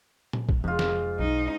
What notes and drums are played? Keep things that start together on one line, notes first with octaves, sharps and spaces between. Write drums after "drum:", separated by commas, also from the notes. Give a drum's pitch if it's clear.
drum: tom A#2
drum: kick
F1 G#2 F4
drum: snare
B1 D#4